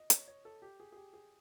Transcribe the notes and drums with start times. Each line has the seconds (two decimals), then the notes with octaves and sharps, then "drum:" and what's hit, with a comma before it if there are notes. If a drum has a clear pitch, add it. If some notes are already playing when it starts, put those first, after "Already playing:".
Already playing: D#5
0.10 C#5, drum: hi-hat
0.28 C#5
0.45 A4
0.62 G4
0.80 G#4
0.92 G#4
0.96 G4
1.13 G#4